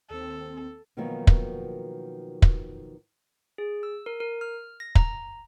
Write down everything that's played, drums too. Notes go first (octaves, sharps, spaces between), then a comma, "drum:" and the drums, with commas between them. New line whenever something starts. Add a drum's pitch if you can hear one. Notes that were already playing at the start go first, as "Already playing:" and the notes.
D#2 C4 A4
B2 D#3 F3 F#3 A#3 B3
drum: kick
drum: kick
G#4
E6
A#4
A#4
F6
A#6
A#5, drum: kick